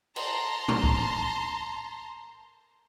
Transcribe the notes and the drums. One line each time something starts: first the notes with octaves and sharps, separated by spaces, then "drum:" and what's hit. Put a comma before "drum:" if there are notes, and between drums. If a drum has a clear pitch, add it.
A5 A#5 C6, drum: cymbal
drum: tom
drum: kick